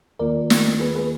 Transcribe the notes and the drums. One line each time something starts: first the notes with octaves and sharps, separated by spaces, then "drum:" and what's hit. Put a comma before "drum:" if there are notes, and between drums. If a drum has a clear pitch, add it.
D#2 D#3 A#3 F4 A#4 D5
drum: snare
G#4 B4
G#4 B4